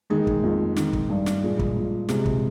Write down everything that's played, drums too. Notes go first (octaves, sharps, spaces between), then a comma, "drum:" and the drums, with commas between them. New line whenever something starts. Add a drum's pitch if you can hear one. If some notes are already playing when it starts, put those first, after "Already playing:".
D#3 G#3
drum: kick
F2
D#3, drum: snare
drum: kick
G2
drum: snare
A#2 G#3
drum: kick
F3
C3 G#3, drum: snare
drum: kick